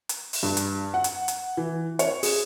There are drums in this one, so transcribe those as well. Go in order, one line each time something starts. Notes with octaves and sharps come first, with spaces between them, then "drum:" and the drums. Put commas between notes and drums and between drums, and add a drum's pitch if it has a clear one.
drum: hi-hat
drum: open hi-hat
G2
drum: hi-hat
F#5
drum: hi-hat
drum: hi-hat
E3
C#5, drum: hi-hat
G#4, drum: open hi-hat